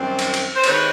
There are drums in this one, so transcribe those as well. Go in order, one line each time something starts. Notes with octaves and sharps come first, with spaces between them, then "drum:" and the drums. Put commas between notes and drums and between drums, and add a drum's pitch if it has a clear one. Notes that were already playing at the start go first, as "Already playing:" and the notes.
Already playing: F#2 D#3 G3 C4
drum: cymbal
drum: cymbal
C5
C3 D#3 G#3 C4 B4 C#5, drum: cymbal